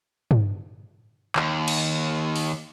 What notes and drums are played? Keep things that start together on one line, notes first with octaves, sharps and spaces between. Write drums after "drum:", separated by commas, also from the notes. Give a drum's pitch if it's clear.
drum: tom
D#2, drum: clap
drum: cymbal
drum: open hi-hat